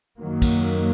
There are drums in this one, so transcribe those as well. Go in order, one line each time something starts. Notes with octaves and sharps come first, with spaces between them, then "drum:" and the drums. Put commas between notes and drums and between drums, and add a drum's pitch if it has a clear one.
F#2 D#3 F#3 A#3
drum: kick, cymbal